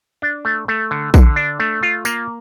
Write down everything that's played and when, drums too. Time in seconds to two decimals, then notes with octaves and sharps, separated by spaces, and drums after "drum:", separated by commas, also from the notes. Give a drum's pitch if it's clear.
0.22 D4
0.45 A3
0.68 A3
0.91 D3
1.14 D3, drum: kick A#1, tambourine
1.36 D4
1.60 A3
1.83 F4
2.05 A#3, drum: tambourine